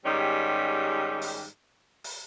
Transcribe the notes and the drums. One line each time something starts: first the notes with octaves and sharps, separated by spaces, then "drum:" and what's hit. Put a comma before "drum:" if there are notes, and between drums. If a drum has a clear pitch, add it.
G#2 D#3 G3 C#4 G4
drum: open hi-hat
drum: open hi-hat